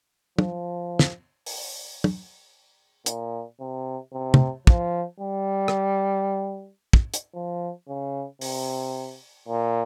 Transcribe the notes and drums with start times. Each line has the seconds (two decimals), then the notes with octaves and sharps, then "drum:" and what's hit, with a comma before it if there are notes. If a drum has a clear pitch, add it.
0.39 F3, drum: tom
0.99 drum: snare
1.46 drum: open hi-hat
2.04 drum: tom
3.06 A#2, drum: hi-hat
3.60 C3
4.13 C3
4.34 drum: tom
4.67 F3, drum: kick
5.20 G3
5.68 drum: rim click
6.93 drum: kick
7.14 drum: hi-hat
7.34 F3
7.88 C#3
8.41 C3, drum: open hi-hat
9.48 A#2